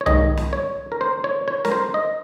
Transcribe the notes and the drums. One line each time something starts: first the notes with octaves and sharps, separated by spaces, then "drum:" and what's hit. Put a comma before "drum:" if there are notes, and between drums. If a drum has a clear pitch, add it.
C#5
G#2 D#3 G3 A#3 D#5, drum: tom C2
drum: snare
C#5
A#4
C5
C#5
C#5
A#4, drum: snare
C5
D#5